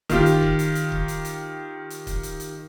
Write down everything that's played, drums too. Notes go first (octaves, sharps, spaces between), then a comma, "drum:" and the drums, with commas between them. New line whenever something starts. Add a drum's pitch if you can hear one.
D#3 F4 G4, drum: kick C#1, hi-hat
drum: hi-hat
drum: kick C#1
drum: hi-hat
drum: hi-hat
drum: kick C#1
drum: hi-hat
drum: hi-hat
drum: hi-hat
drum: kick C#1, hi-hat
drum: hi-hat
drum: hi-hat